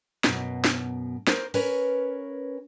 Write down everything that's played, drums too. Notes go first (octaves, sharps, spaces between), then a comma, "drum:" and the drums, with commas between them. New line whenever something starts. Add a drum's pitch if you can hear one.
F#2 B2, drum: snare
drum: snare
A#4 C5, drum: snare
C#4 A#4 B4 C#5, drum: open hi-hat